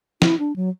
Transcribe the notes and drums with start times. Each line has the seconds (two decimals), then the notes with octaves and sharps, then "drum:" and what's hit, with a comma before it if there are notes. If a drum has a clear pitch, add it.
0.22 E4, drum: snare
0.39 D4
0.56 F#3